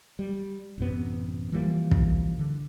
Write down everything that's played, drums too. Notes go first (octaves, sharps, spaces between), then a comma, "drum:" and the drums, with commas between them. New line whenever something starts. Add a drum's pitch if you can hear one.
G3
A1 F#2 C3 B3
E3 F3 G3 A#3
drum: kick
D3